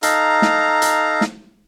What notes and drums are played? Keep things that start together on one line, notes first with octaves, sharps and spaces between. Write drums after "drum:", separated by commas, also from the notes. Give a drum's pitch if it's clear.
D#4 A4 F5 A#5, drum: hi-hat
drum: snare
drum: hi-hat
drum: snare